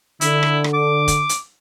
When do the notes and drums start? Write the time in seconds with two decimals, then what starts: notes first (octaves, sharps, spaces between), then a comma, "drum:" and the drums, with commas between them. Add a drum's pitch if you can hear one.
0.21 D3 E4, drum: hi-hat
0.43 drum: rim click
0.64 drum: rim click
0.73 D6
1.08 drum: kick, hi-hat
1.29 drum: hi-hat